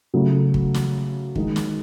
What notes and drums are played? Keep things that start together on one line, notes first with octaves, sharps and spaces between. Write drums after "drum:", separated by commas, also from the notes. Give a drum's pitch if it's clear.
C#3 F#3 A3
drum: kick
drum: snare
D#3 G#3 D#4, drum: kick
drum: snare